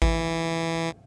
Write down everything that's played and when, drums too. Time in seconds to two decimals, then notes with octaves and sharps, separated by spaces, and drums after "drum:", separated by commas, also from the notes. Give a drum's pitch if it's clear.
0.02 E3, drum: kick G#1